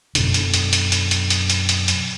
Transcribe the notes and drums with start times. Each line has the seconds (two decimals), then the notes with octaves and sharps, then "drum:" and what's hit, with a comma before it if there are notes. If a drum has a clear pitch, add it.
0.15 F#2 B2 D3, drum: hi-hat
0.34 drum: hi-hat
0.54 drum: hi-hat
0.73 drum: hi-hat
0.92 drum: hi-hat
1.11 drum: hi-hat
1.30 drum: hi-hat
1.50 drum: hi-hat
1.69 drum: hi-hat
1.88 drum: hi-hat